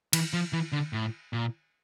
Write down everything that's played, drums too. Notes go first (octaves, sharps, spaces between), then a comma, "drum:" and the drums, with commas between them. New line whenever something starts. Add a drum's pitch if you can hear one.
E3, drum: cymbal
F3
E3
D3
A2
A#2